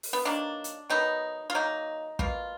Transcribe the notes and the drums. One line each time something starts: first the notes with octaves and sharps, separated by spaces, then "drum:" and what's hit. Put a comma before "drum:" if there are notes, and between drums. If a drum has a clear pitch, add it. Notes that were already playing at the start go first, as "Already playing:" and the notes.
drum: open hi-hat
B3
D#3 F#3 A#3 D4
drum: hi-hat
D#3 F#3 B3 D#4
F4
D#3 F#3 A#3 D#4
B2 A#3 F4, drum: kick